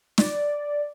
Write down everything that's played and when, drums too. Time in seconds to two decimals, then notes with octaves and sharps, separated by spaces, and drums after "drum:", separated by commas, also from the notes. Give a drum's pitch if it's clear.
0.18 D5, drum: snare